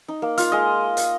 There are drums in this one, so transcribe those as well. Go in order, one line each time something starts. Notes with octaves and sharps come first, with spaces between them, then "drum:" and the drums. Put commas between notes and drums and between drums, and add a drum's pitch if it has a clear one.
D#4
A#3
F4 F5, drum: hi-hat
G#3 D#5
drum: hi-hat